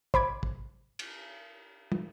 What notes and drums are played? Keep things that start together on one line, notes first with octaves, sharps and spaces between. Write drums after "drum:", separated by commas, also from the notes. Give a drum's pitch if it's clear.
C5 B5 D6 G#6, drum: kick
drum: kick
drum: cymbal
drum: tom